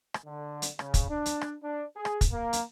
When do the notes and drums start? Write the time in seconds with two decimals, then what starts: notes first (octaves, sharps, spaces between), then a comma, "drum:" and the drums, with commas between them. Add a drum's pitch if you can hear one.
0.14 drum: rim click
0.25 D3
0.62 drum: hi-hat
0.79 C#3, drum: rim click
0.94 drum: kick, hi-hat
1.10 D4
1.26 drum: hi-hat
1.41 drum: rim click
1.63 D4
1.95 G#4
2.05 drum: rim click
2.21 drum: kick, hi-hat
2.32 A#3
2.53 drum: hi-hat